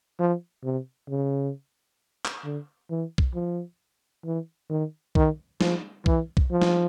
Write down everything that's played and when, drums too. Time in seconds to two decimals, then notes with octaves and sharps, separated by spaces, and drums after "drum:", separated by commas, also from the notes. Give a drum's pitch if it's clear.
0.20 F3
0.64 C3
1.10 C#3
2.25 drum: clap
2.44 D3
2.90 E3
3.18 drum: kick B1
3.35 F3
4.25 E3
4.70 D#3
5.15 D#3, drum: kick B1
5.61 F3, drum: snare
6.06 E3, drum: kick B1
6.37 drum: kick B1
6.51 F3
6.62 drum: snare